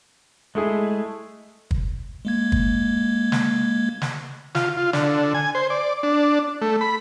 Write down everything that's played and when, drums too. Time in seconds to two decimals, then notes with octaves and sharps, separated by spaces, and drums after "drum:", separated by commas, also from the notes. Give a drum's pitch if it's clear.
0.55 G#3 A3 E4 G#4
1.71 drum: kick
2.25 G#3 A#3 G#6
2.52 drum: kick
3.32 drum: snare
4.02 drum: snare
4.55 F4, drum: snare
4.77 F4
4.93 D3, drum: snare
5.34 G#5
5.55 C5
5.70 D5
6.03 D4
6.61 A3
6.81 B5